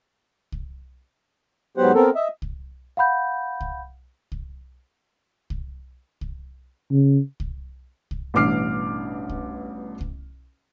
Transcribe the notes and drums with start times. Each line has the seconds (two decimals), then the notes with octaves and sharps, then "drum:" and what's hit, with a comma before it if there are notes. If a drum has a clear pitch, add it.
0.52 drum: kick C2
1.77 G#2 F#3 B3 G4 C5 F#5
1.95 B3 C4 A4 A#4
2.15 D#5 E5
2.42 drum: kick C2
2.97 F5 F#5 B5 G6
3.61 drum: kick C2
4.32 drum: kick C2
5.50 drum: kick C2
6.21 drum: kick C2
6.91 C#3
7.40 drum: kick C2
8.11 drum: kick C2
8.34 A1 G2 B2 D6 F6 C7
9.29 drum: kick C2
10.01 drum: kick C2